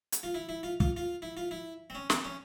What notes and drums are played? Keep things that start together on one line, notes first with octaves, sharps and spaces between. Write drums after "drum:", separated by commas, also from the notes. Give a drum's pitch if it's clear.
drum: hi-hat
F4
E4
E4
F4
F4, drum: kick
F4
E4
F4
E4
C4
C#4
C4, drum: snare
C#4